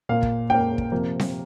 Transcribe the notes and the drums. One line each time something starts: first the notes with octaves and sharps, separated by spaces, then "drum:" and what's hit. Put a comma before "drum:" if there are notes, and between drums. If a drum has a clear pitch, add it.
A#2 A#3 F5
drum: kick
A#2 A#3 G5
drum: kick
C3 F3 A#3
drum: snare C4